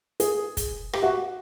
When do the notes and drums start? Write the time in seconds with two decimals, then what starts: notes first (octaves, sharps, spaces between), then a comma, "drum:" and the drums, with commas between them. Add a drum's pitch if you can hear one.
0.20 G#4, drum: hi-hat
0.57 drum: kick, hi-hat
0.93 G4, drum: rim click
1.02 F#4